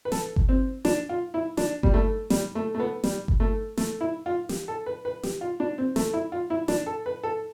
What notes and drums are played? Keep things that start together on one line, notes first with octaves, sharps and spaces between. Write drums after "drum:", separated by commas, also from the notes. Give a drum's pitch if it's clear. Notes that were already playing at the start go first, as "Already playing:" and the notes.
B4
A4, drum: snare
drum: kick G1
C4
D4, drum: snare
F4
E4
D4, drum: snare
G3, drum: kick G1
A3
G3, drum: snare
A3
A3
B3
G3, drum: snare
drum: kick G1
A3
A3, drum: snare
E4
F4
G4, drum: snare
A4
B4
B4
G4, drum: snare
F4
D4
C4
A3, drum: snare
E4
F4
E4
D4, drum: snare
A4
B4
A4